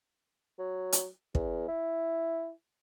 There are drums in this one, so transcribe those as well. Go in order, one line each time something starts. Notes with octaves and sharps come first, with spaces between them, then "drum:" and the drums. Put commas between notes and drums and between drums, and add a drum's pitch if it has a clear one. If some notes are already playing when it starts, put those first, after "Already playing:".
F#3
drum: hi-hat
E2, drum: kick
E4